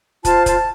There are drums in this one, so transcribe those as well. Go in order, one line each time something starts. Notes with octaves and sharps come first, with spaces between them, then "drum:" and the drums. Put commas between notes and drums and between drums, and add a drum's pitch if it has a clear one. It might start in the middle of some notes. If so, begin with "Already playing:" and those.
F4 C5 A5, drum: kick, hi-hat
A5, drum: kick, hi-hat